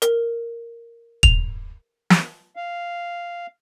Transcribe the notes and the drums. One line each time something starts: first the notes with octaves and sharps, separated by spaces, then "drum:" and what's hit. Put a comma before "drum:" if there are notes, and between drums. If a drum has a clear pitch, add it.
A#4, drum: hi-hat
F7, drum: kick
drum: snare
F5